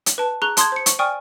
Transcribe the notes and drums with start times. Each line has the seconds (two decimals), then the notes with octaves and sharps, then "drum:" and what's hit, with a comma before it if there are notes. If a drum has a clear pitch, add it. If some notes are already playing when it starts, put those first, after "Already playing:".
0.06 drum: hi-hat
0.18 B4 A5
0.42 G#4 A#5 C#6 F#6 F7 G7
0.57 A5 C6 D#6 G6 G#6, drum: hi-hat
0.72 C5 C#7
0.86 C#6, drum: hi-hat
0.99 D5 G5 G#5 C#6 D#6 F6